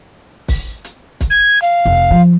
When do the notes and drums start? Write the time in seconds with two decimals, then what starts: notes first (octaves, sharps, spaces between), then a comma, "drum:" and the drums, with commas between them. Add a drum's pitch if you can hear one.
0.48 drum: kick, open hi-hat
0.85 drum: hi-hat
1.21 drum: kick, hi-hat
1.30 G#6
1.62 F5
1.85 F1
2.11 F3